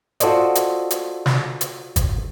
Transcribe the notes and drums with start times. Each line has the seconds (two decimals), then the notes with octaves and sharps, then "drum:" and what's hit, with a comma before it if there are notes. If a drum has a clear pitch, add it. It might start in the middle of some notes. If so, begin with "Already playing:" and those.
0.20 F4 F#4 A4 C5 D5 D#5, drum: hi-hat
0.55 drum: hi-hat
0.91 drum: hi-hat
1.26 drum: snare
1.61 drum: hi-hat
1.96 drum: kick G1, hi-hat